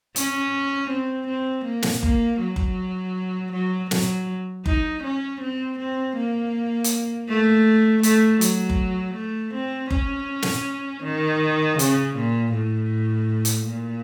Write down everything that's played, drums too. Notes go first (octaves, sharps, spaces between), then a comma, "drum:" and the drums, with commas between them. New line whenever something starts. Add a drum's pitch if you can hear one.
C#4, drum: hi-hat
C4
C4
A#3
drum: snare
A#3, drum: kick F#1
F#3
drum: kick F#1
F#3
F#3, drum: snare
D#4, drum: kick F#1
C#4
C4
C4
A#3
drum: hi-hat
A3
A3, drum: hi-hat
F#3, drum: hi-hat
drum: kick F#1
A3
C4
C#4, drum: kick F#1
drum: snare
D#3
C#3, drum: hi-hat
A#2
A2
drum: hi-hat
A#2